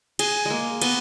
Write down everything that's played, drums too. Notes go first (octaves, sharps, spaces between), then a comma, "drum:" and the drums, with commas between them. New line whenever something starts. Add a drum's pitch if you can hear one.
G#4, drum: cymbal
G#3 A#3
B3, drum: cymbal